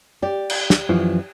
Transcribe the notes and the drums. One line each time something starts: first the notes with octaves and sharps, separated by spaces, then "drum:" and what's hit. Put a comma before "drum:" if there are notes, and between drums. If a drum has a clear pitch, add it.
G4 D5
drum: cymbal
drum: snare
F#2 E3 F3